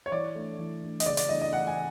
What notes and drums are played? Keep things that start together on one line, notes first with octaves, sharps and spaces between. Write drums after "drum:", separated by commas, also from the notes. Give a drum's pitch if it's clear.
C#5
E3 D5
A3 D4
E3
A3 D4
D#5, drum: hi-hat
C#3 D5
D5, drum: hi-hat
E3 A3 D4 D#5
D#5
C#3 F#5
G#5